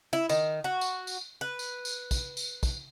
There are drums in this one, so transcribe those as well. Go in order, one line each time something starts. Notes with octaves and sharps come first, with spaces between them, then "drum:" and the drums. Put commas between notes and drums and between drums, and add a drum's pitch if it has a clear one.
E4
D#3, drum: tambourine
F#4
drum: tambourine
drum: tambourine
B4
drum: tambourine
drum: tambourine
drum: kick, tambourine
drum: tambourine
drum: kick, tambourine